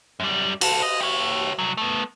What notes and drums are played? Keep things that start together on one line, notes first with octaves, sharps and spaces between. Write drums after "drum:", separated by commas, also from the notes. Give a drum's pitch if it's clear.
F#2 G3
F#4 A4, drum: cymbal
D#5
G4 C#5
C2 F#3
A3 B3